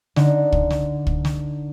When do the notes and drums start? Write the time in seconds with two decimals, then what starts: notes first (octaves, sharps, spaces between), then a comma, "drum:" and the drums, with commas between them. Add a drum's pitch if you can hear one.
0.16 D3 D#4, drum: snare
0.52 drum: kick
0.70 drum: snare
1.07 drum: kick
1.25 drum: snare